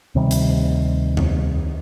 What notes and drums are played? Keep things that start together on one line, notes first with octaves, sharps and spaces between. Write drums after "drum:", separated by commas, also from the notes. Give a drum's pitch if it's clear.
D2 C3 D#3 G3
drum: hi-hat
drum: tom E2